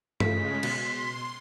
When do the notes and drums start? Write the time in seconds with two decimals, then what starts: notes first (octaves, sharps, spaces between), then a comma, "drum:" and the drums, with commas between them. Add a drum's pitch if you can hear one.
0.20 C#3 G#3 A3 F4 B6, drum: tom G2
0.63 B2 C6, drum: cymbal